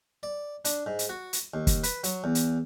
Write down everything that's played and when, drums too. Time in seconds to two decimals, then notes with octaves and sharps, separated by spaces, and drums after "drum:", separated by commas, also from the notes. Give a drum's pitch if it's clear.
0.23 D5
0.65 D4, drum: hi-hat
0.86 G#2
0.99 drum: hi-hat
1.09 F#4
1.33 drum: hi-hat
1.54 D#2
1.67 drum: kick, hi-hat
1.83 B4, drum: hi-hat
2.04 F#3, drum: hi-hat
2.24 E2
2.35 drum: hi-hat